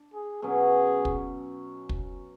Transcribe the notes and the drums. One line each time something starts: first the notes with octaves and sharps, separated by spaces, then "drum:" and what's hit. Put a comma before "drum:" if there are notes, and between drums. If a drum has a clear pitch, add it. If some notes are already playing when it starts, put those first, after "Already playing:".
Already playing: D4
G#4
B2 F#3 C#4 G#4
drum: kick
drum: kick